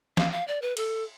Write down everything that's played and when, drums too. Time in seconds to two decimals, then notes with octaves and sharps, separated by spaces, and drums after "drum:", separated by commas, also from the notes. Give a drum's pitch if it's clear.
0.17 F5, drum: snare
0.32 F5
0.47 D5
0.62 B4
0.77 A4, drum: cymbal